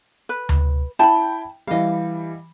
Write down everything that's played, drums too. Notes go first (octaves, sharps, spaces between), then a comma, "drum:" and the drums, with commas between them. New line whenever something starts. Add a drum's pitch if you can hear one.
B4
drum: tom D2
E4 G5 A5 B5
E3 G3 D#5 F5